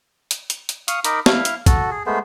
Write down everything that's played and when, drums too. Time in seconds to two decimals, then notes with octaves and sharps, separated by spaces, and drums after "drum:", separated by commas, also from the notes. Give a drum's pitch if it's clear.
0.31 drum: hi-hat
0.50 drum: hi-hat
0.69 drum: hi-hat
0.88 F5 C#6 D#6, drum: hi-hat
1.04 D#4 A#4 B5 D6, drum: hi-hat
1.26 E4 F5, drum: snare
1.45 drum: hi-hat
1.66 F#4 A4, drum: kick, hi-hat
1.91 G#4
2.06 G#3 A3 B3 C5